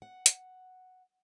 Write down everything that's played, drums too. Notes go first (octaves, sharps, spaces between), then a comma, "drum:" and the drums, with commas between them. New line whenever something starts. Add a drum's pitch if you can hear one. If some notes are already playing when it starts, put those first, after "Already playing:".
F#5
drum: hi-hat